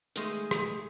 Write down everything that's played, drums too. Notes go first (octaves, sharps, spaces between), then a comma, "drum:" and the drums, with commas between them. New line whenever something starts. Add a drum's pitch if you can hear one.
D#3 G#3 A3 G#4, drum: hi-hat
drum: rim click